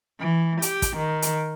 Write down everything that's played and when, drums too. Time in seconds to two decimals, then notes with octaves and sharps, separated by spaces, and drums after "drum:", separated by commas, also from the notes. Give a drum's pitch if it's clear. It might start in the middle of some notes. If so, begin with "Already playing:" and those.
0.20 E3
0.62 G4, drum: hi-hat
0.82 drum: kick, hi-hat
0.97 D#3
1.22 drum: hi-hat